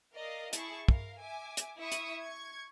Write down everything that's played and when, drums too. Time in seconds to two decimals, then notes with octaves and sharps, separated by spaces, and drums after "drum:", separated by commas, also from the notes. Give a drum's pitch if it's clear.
0.14 A#4 D5 D#5 F5
0.53 E4 G#4 A5 C#6, drum: hi-hat
0.89 A#4 F5, drum: kick
1.19 E5 G#5 D6
1.57 drum: hi-hat
1.78 E4 E5 C#6 D#6
1.92 drum: hi-hat
2.22 C#6 G#6